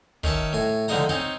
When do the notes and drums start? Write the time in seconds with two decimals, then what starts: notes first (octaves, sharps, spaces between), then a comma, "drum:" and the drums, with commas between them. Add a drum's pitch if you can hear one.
0.24 D#3 C#4 E5 A5, drum: kick
0.53 A2 G#5
0.88 C#2 D3 F3 D#4 A#5
1.09 C4 C#4 D#4, drum: snare